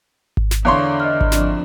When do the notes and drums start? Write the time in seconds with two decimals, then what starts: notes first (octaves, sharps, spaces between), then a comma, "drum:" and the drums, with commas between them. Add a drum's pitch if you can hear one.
0.37 drum: kick G#1
0.51 drum: snare
0.65 E2 D3 C#5 F5 C6 D6
1.00 D#5 F6
1.21 drum: kick G#1
1.32 F2 D4, drum: snare